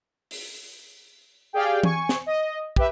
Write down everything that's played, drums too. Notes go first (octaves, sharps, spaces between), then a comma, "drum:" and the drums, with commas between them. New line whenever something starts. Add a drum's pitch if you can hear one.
drum: open hi-hat
G4 G#4 D5 F5 G5
G#5 C#6, drum: tom E3
drum: snare
D#5
G4 B4 E5, drum: kick